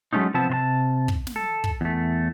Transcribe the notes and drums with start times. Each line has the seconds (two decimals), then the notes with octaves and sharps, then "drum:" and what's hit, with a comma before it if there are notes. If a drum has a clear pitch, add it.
0.13 F#3 G#3 A3 C#4 D#4
0.34 C3 F3 B3 C4 A5
0.49 C3 C5 A5
1.08 drum: kick
1.27 drum: snare
1.36 A4
1.64 drum: kick
1.81 E2 A3